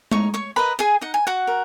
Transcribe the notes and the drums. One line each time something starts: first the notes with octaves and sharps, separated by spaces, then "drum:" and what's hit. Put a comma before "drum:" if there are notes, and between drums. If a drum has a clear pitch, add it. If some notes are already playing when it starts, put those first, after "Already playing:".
D#4 C#5 C#6, drum: tom G#3
C#5 C#6
A#4 B4 D#5 B5
G#4 G#5
D#4 F#5
G#5
F#4 F#5
A#4